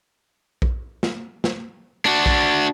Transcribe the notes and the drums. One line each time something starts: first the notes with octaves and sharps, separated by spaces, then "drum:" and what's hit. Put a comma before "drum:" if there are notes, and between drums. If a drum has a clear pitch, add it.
drum: kick A#1
drum: snare
drum: snare
D4 F#4
drum: kick A#1